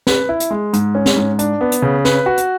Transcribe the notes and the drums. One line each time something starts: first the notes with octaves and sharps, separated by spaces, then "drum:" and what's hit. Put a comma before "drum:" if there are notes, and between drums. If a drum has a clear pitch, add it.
B4, drum: snare
E4
drum: hi-hat
G#3
G#2, drum: hi-hat
C#4
drum: snare
G#2
D4, drum: hi-hat
B3
drum: hi-hat
C#3
B4, drum: snare
F#4
drum: hi-hat